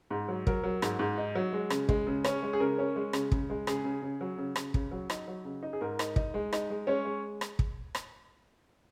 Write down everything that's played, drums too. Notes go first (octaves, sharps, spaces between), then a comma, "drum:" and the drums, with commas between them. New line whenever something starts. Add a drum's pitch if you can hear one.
G#2
F#3
F#3 A#4, drum: kick
F#3
G#2, drum: rim click
G#2
D#4
F#3
G#3
C#3, drum: rim click
G#3, drum: kick
C#3
C#4, drum: rim click
G#3
G#4
C#3 A#4
C#4
G#3
C#3, drum: rim click
C#3, drum: kick
G#3
C#3 G#4, drum: rim click
C#3
C#3
F#3
C#3
C#3, drum: rim click
C#3, drum: kick
F#3
D#4, drum: rim click
F#3
C#3
D#4
G#4
G#2 A#4
D#4, drum: rim click
D#4, drum: kick
G#3
D#4, drum: rim click
G#3
G#3 C#4 C#5
G#3
drum: rim click
drum: kick
drum: rim click